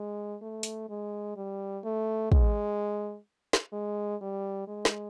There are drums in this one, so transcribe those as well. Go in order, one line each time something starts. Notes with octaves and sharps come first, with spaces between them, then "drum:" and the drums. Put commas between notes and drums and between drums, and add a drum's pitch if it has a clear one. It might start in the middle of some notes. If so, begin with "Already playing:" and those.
Already playing: G#3
A3
drum: hi-hat
G#3
G3
A3
G#3, drum: kick
drum: snare
G#3
G3
G#3
drum: snare